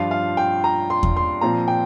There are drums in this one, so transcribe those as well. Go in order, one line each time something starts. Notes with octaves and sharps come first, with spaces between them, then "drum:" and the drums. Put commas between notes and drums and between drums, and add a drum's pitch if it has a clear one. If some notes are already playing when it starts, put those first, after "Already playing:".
Already playing: G2 F3 D4 F4 F5
F5
G5
A#5
C6
drum: kick E2
C6
A#2 F3 C4 A#5
G5